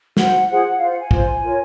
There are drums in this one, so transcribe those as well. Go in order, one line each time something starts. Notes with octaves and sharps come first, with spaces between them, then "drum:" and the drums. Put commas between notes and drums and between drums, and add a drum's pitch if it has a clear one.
F#4 C5 F#5, drum: snare
F4 G#4 C5 F#5
F4 C5 F5
F#5
G#5
F4 C5, drum: kick
F4 A#4 C#5